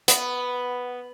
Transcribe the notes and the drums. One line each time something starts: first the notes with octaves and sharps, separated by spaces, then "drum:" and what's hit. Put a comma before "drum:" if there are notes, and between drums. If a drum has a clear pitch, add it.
B3, drum: hi-hat